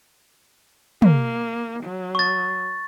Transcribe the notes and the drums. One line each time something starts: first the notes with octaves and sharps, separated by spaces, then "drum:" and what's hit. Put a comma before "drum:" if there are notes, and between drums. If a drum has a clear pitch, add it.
A#3, drum: tom
F#3
C#6 A6